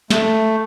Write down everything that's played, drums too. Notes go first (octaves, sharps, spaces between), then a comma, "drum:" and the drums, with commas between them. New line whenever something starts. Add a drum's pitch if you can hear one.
A3, drum: snare